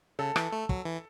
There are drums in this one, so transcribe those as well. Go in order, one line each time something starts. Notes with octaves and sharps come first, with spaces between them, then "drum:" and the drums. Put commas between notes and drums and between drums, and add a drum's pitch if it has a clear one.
C#3 A4
E3, drum: rim click
A3
F#3, drum: kick
E3